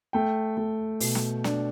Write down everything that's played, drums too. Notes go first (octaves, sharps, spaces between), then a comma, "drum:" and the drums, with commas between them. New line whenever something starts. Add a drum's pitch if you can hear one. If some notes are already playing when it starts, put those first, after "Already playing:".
A3 G5
A3
B2, drum: open hi-hat
drum: snare
D4, drum: snare